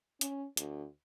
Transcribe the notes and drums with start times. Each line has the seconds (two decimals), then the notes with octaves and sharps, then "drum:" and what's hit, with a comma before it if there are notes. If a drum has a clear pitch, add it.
0.21 C#4, drum: hi-hat
0.57 D2, drum: hi-hat